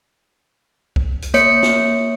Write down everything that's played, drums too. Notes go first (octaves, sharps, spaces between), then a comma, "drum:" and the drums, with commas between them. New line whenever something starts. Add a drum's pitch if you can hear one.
drum: kick C2
drum: hi-hat
A#3 C#5 C#7, drum: hi-hat
drum: snare